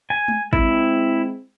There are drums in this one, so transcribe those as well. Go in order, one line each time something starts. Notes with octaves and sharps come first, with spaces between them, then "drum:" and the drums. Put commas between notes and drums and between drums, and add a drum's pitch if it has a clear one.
G#5
drum: tom G#3
G#3 C4 E4, drum: kick